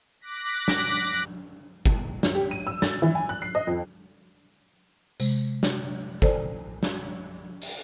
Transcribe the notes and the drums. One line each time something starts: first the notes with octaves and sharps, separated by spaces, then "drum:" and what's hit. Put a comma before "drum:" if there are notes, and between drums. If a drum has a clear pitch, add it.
D6 F#6 A#6 B6
drum: snare
drum: kick G1
F#2, drum: snare
G4
D#7
E6
A6, drum: snare
E3
G#5
F#6
C7
D#5
F2
C3 G#3, drum: tambourine
drum: snare
A4 C5 D5, drum: kick G1
drum: snare
drum: open hi-hat